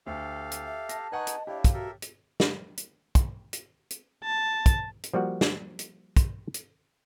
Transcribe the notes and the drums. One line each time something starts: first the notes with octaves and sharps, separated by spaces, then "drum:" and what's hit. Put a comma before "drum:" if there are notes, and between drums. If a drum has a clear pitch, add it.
D2 G4 A4 F5
drum: hi-hat
E5
A5 A#6, drum: hi-hat
D#4 B4 D#5 F#5 G#5 C#6 F#6
drum: hi-hat
D4 E4 G4 C#5 F5
drum: kick, hi-hat
F#4 A4 A#4 E5
drum: hi-hat
drum: snare
drum: hi-hat
drum: kick, hi-hat
drum: hi-hat
drum: hi-hat
A5
drum: kick, hi-hat
drum: hi-hat
F3 G3 A#3 F#4 F#5
drum: snare
drum: hi-hat
drum: kick, hi-hat
drum: hi-hat